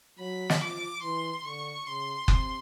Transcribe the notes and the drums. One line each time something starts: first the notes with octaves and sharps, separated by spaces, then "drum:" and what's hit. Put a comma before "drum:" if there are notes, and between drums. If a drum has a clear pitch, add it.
F#3 B5
drum: snare
F3 D6
E3 C6
D3 C#6
C#3 C6
C3, drum: kick F#1